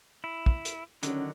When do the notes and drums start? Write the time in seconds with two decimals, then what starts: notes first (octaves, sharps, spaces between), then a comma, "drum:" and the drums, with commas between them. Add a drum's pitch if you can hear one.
0.24 E4
0.46 drum: kick
0.65 drum: hi-hat
1.03 D3 D#3 F#3 C#4, drum: hi-hat